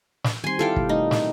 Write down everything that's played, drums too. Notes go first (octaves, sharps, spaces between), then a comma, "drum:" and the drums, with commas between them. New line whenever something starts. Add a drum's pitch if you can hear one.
drum: snare
D#3 G3 C4 G#5 C6
E4 F4 G4 A4 F5 G5
B2 G3, drum: kick
A3 D#4 A#4
drum: snare